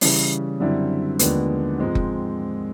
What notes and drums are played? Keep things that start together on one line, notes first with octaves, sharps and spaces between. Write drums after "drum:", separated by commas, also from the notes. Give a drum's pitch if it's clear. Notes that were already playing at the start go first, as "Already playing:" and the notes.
C#3 E3 G3, drum: open hi-hat
F#2 D3 G3 C4 E4
D#2 D3 F3 G#3 B3, drum: hi-hat
G#2 F3 G#3 C4
drum: kick F#1